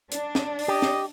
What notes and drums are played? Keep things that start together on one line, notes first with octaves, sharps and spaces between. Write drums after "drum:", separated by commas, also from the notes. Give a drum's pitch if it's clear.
D4, drum: hi-hat
drum: snare
drum: open hi-hat
G4 D#5
drum: snare